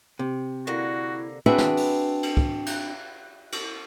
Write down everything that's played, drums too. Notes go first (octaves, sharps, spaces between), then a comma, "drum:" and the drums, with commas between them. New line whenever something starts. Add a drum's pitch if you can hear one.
C3
D3 A#3 E4 F#4
C4 D4 F#4 G#4 B4 E5
drum: snare
drum: open hi-hat
drum: cymbal
drum: kick
drum: cymbal
drum: cymbal